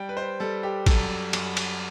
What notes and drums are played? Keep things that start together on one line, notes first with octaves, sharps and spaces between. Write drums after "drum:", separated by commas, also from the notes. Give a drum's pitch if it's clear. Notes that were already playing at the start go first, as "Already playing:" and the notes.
Already playing: G3 G5
B4
C5
G3 A4
G4
F#2 A4, drum: kick, cymbal
F#2, drum: cymbal
drum: cymbal